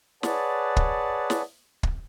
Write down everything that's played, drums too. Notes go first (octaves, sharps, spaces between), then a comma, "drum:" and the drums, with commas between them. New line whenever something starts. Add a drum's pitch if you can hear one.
G#4 B4 C#5 D5 F#5 A5, drum: snare
drum: kick
drum: snare
drum: kick